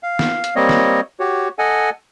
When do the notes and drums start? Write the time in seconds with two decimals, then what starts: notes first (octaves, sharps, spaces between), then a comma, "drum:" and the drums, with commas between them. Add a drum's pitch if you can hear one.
0.03 F5
0.19 drum: snare
0.44 drum: hi-hat
0.56 G3 A#3 C4 C#5 D#5
0.69 drum: snare
1.20 F#4 G4 C#5
1.59 A4 D#5 F#5 G#5